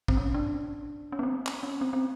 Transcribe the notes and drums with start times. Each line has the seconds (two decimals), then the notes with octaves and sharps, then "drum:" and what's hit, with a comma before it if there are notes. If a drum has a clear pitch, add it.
0.08 C4, drum: kick
0.17 C#4
0.34 D4
1.12 C#4
1.19 B3
1.23 C4
1.46 drum: clap
1.63 C#4
1.81 C4
1.93 C4